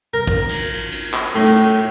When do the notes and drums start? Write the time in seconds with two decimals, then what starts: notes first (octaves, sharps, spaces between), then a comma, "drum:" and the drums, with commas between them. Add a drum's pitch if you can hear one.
0.13 A#4
0.27 drum: kick
0.49 drum: cymbal
0.92 drum: cymbal
1.13 drum: clap
1.35 A2, drum: cymbal